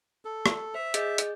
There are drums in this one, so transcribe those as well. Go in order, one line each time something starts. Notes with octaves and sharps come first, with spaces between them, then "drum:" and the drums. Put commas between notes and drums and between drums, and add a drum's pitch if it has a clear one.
A4
drum: rim click
C5 E5
G#4 D#5 G6, drum: hi-hat
drum: hi-hat